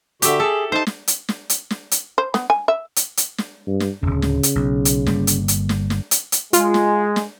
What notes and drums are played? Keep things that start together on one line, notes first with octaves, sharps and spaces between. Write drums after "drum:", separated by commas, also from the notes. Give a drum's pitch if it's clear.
D3 F#4 G4 E5, drum: hi-hat
G#4 A4
D#4 C5 A5
drum: snare
drum: hi-hat
drum: snare
drum: hi-hat
drum: snare
drum: hi-hat
C5
B3, drum: snare
G#5
E5
drum: hi-hat
drum: hi-hat
drum: snare
G2
drum: snare
D1 G1 C#3
drum: snare
drum: hi-hat
B1
drum: hi-hat
G1 G3 A#3, drum: snare
drum: hi-hat
drum: hi-hat
drum: snare
drum: snare
drum: hi-hat
drum: hi-hat
G#3 F4, drum: hi-hat
drum: snare
drum: snare